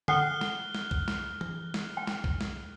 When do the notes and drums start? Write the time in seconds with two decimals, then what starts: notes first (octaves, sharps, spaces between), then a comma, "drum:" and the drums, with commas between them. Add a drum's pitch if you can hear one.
0.08 A4 F#5 G5 F6 F#6 G7, drum: tom D3
0.41 drum: snare
0.75 drum: snare
0.91 drum: kick B1
1.08 drum: snare
1.41 drum: tom E3
1.74 drum: snare
1.97 G5
2.07 drum: snare
2.24 drum: kick B1
2.41 drum: snare